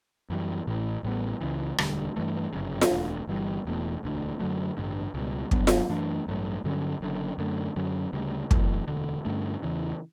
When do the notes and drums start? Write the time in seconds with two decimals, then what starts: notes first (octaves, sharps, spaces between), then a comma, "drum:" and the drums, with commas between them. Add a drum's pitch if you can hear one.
0.30 F#2 E3 G3
0.67 A1 A2 E3
1.03 A1 A2 G3 B3
1.41 C#2 C#3 E3
1.78 E1 D2 D3 G3, drum: rim click
2.16 G2 E3 A3
2.53 G1 F#2 C#3
2.81 drum: snare F4
2.91 E1 D2 D3
3.28 G1 G2 E3 G3
3.65 E1 E2 B2 A3
4.03 E1 D2 D3
4.39 F#2 D3 F#3 A3
4.77 A1 G2 D3 G3
5.14 C#2 B2 G3
5.51 G2 F#3 B3 D4, drum: kick
5.67 drum: snare F4
5.89 F#2 E3 A3 D4
6.27 A1 G2 F#3 A3
6.64 G2 D3 F#3 C#4
7.01 F#1 F#2 D3
7.38 F#2 D3 A3
7.76 F#2 D3 F#3 C#4
8.13 D2 C#3 G3
8.51 F#2 E3 A3, drum: kick
8.87 E1 D2 D3
9.25 G2 D3 A3 C#4
9.63 E2 C#3 E3